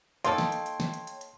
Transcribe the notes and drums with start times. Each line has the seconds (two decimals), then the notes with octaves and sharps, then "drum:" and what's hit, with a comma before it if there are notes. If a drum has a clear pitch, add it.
0.25 A#3 D#4 A4 C#5 G5 C6, drum: hi-hat
0.38 drum: snare
0.52 drum: hi-hat
0.66 drum: hi-hat
0.80 drum: snare
0.94 drum: hi-hat
1.07 drum: hi-hat
1.21 drum: hi-hat